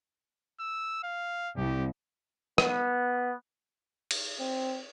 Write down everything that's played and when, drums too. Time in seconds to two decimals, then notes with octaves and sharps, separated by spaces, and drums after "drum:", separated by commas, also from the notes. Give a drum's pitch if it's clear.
0.60 E6
1.04 F5
1.57 C2 G4
2.58 B3, drum: rim click
4.11 drum: cymbal
4.40 C4